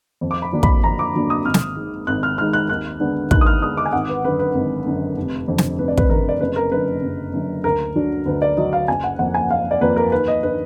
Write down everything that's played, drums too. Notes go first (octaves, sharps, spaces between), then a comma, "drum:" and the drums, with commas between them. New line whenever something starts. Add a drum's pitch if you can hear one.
F2
D6
B5
D3 F#3 A#3 D4
B5, drum: kick
F2 A#5
D6
D3 F#3 A#3 D4
D#6
G#1 F6
drum: snare
G#2 D#3 G#3
G#1 F#6
F6
G#2 D#3 G#3 F6
F#6
D#2 F#6
D3 G#3 B3 D4
D#2 F#6, drum: kick
D#6
F6
D3 G#3 B3 D4 D#6
D6
G#5
G#1 F#5
B4
F#2 D3 B4
B4
G#1
F#2 D3
F1
F2 D3
drum: snare
F1 B4
D5
B4, drum: kick
F2 D3 A#4
D5
F#1 B4
A#4
F#2 D3 B4
F#1
F#2 D3
D2 A#4
D3 F#3 D4
D2 B4
D5
D3 F#3 D4 D#5
F5
F#1 G#5
F#5
F2 F3 A#3 F#5
G#5
F#1 F5
D5
F2 F3 A#3 B4
A#4
D#2 B4
D#5
D#3 A#3 D4 B4